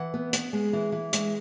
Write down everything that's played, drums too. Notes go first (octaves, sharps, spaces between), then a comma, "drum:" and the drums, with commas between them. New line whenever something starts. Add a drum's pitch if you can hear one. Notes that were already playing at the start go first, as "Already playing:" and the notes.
Already playing: E3 F#5
B3
B3, drum: hi-hat
G#3
E3
E3
G#3, drum: hi-hat